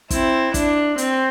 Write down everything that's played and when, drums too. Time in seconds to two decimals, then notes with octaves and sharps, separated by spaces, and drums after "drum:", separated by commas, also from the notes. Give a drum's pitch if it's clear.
0.10 C4 E4, drum: kick, hi-hat
0.54 D4, drum: kick, hi-hat
0.98 C4, drum: hi-hat